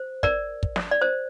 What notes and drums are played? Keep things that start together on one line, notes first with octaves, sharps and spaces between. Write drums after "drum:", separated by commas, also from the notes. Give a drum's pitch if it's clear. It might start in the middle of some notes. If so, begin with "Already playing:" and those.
Already playing: C5
A#4 D5, drum: kick
drum: kick
drum: snare
D5
C5